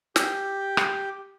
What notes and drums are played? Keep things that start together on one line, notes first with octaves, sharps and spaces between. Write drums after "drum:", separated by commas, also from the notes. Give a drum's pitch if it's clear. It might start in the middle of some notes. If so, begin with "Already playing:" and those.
G4, drum: snare
drum: rim click